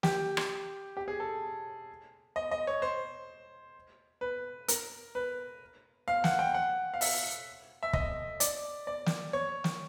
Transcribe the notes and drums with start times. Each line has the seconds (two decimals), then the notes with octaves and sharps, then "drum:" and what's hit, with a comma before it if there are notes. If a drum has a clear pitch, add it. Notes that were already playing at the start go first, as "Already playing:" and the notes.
0.03 G4, drum: snare
0.37 drum: rim click
0.97 G4
1.08 G#4
1.20 A4
2.36 D#5
2.51 D#5
2.67 C#5
2.82 C5
4.21 B4
4.68 A#4, drum: hi-hat
5.15 B4
6.08 F5
6.24 F#5, drum: snare
6.39 G5
6.54 F#5
6.94 F5
7.01 E5, drum: open hi-hat
7.83 E5
7.93 D#5, drum: kick
8.40 D5, drum: hi-hat
8.87 D5
9.06 drum: snare
9.33 C#5
9.64 drum: snare